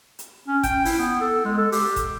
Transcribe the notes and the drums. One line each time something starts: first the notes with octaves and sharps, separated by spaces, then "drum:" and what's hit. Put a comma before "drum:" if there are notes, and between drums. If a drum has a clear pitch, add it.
drum: hi-hat
C#4
G5, drum: kick F#1, hi-hat
E4, drum: open hi-hat
B3
A4
G#3
A4
G4, drum: open hi-hat
drum: kick F#1, hi-hat